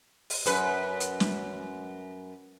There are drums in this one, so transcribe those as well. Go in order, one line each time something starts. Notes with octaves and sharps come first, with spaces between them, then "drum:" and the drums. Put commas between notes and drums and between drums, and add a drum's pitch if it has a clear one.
drum: open hi-hat
F#2 B4, drum: hi-hat
drum: hi-hat
drum: snare